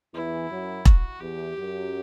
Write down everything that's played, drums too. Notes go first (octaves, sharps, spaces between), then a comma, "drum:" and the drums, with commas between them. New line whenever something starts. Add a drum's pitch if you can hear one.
E2 E3 E4
F#2 F#3
F#4, drum: kick E1
E2 E3 G4
F#2 F#3